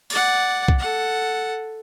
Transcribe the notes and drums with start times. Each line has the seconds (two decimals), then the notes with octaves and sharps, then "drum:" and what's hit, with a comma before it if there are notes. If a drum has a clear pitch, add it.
0.10 D5 F#5, drum: open hi-hat
0.68 drum: kick B1
0.79 A4 F#5